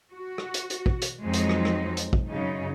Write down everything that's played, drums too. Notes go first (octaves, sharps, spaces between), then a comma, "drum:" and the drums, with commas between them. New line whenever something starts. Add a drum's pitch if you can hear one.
F#4
drum: rim click
drum: hi-hat
drum: hi-hat
drum: kick
drum: hi-hat
F2 F#3 G#3 C4 D#4
drum: hi-hat
drum: rim click
drum: rim click
drum: hi-hat
drum: kick
F#2 C#3 D#4